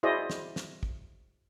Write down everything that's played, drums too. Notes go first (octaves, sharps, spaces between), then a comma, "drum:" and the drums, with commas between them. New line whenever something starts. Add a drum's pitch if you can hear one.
E4 F#4 G#4 C5 D5 D#5
drum: snare
drum: snare
drum: kick